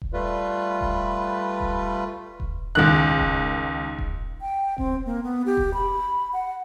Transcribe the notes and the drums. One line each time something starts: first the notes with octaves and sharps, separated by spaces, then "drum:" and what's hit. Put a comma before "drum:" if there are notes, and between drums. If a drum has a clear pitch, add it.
drum: kick D#1
G3 A3 F4 B4
drum: kick D#1
drum: kick D#1
drum: kick D#1
C#2 D#3 F#6
drum: kick D#1
drum: kick D#1
G5
C4, drum: kick D#1
A#3
B3
G4
drum: kick D#1
B5
F#5